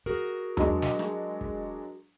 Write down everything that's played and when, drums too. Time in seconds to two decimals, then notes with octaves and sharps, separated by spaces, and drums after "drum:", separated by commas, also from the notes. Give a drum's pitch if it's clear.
0.06 F#4 G#4 A#4
0.57 F#3 G#3 D4, drum: tom E2
0.82 drum: snare
0.99 drum: rim click
1.41 drum: kick